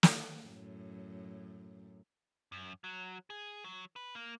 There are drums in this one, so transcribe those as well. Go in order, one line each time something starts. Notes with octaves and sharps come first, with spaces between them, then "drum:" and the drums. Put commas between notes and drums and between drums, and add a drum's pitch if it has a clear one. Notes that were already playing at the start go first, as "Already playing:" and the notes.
drum: snare
F#2 A2
F#2
F#3
G#4
F#3
B4
A#3